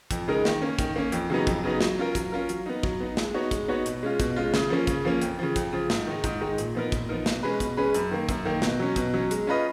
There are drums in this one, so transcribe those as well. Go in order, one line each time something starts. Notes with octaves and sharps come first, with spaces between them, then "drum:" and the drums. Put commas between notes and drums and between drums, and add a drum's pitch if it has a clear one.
F2, drum: kick, hi-hat
C#3 G#3 D#4 A#4
D#3, drum: snare
A#3 C#4
D#3, drum: kick, hi-hat
A#3 C#4
F2, drum: hi-hat
C#3 F#3 B3 D#4
F2, drum: kick, hi-hat
C#3 F#3 B3 D#4
F#3, drum: snare
C#4 F4 A#4
F#3, drum: kick, hi-hat
C#4 F4 A#4
F#3, drum: hi-hat
B3 D#4
F#3, drum: kick
B3 D#4
G#3, drum: snare
B3 D#4 F#4 C#5
G#3, drum: kick, hi-hat
B3 D#4 F#4 C#5
B2, drum: hi-hat
G#3 C#4 F4
B2, drum: kick, hi-hat
G#3 C#4 F4
C#3, drum: snare
F3 A#3 C#4
C#3, drum: kick, hi-hat
F3 A#3 C#4
F2, drum: hi-hat
C#3 F3
F2, drum: kick, hi-hat
C#3 F3
G#2, drum: snare
D#3 G#3 D#4
G#2, drum: kick, hi-hat
D#3 G#3 D#4
A#2, drum: hi-hat
F3 B3 D#4 A#4
A#2, drum: kick, hi-hat
F3 B3 D#4 A#4
B2, drum: snare
G#3 C#4 G#4 B4
B2, drum: kick, hi-hat
G#3 C#4 G#4 B4
F#2, drum: hi-hat
D#3 A#3
F#2, drum: kick, hi-hat
D#3 A#3
B2, drum: snare
F#3 C#4
B2, drum: kick, hi-hat
F#3 C#4
G#3, drum: hi-hat
C#4 F4 B4 D#5